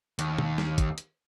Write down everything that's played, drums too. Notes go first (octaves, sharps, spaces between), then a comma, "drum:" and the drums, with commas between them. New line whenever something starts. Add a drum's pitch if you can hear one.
D#2, drum: hi-hat
drum: tom
drum: snare
drum: kick, hi-hat
drum: hi-hat